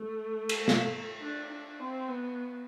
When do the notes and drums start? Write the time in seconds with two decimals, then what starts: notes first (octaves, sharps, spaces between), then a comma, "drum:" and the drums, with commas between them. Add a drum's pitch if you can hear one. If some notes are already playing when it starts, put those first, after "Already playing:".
Already playing: A3
0.49 drum: cymbal
0.68 drum: snare
1.22 D4
1.51 D4
1.80 C4
2.08 B3